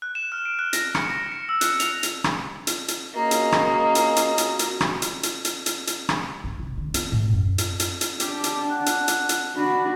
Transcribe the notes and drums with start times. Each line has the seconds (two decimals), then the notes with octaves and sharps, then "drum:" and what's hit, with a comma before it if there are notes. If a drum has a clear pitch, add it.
0.02 F#6
0.15 E7
0.32 F6
0.45 D7
0.59 F#6
0.73 A#6, drum: hi-hat
0.95 C#7, drum: rim click
1.11 A#6
1.32 C#7
1.49 E6
1.61 F#6, drum: hi-hat
1.80 F7, drum: hi-hat
2.03 drum: hi-hat
2.24 drum: rim click
2.67 drum: hi-hat
2.88 drum: hi-hat
3.15 A#3 C#4 F#4 G#4 D#5
3.31 drum: hi-hat
3.52 drum: rim click
3.95 drum: hi-hat
4.16 drum: hi-hat
4.38 drum: hi-hat
4.59 drum: hi-hat
4.81 drum: rim click
5.02 drum: hi-hat
5.23 drum: hi-hat
5.45 drum: hi-hat
5.66 drum: hi-hat
5.87 drum: hi-hat
6.09 drum: rim click
6.44 G1
6.60 C3
6.77 D3
6.94 B3, drum: hi-hat
7.12 A2
7.33 F#2
7.58 drum: hi-hat
7.80 drum: hi-hat
8.01 drum: hi-hat
8.20 D4 G4, drum: hi-hat
8.44 drum: hi-hat
8.70 F#5
8.86 drum: hi-hat
9.08 drum: hi-hat
9.29 drum: hi-hat
9.56 D4 F#4 B5